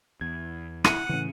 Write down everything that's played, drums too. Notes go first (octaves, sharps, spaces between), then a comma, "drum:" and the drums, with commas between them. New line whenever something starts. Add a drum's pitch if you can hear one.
E2 G#6
E4 F#5 C#7 D#7, drum: rim click
A2 C#3 E3 C#4